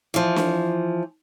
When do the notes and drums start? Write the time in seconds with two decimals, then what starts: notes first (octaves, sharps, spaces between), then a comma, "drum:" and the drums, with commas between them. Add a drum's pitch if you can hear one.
0.14 E3 F3
0.36 drum: snare D4